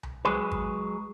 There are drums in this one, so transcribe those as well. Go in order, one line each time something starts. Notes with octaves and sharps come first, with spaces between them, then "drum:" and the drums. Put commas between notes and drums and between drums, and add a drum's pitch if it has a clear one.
drum: tom C2
F#3 G#3 G#4 B4
drum: kick G#1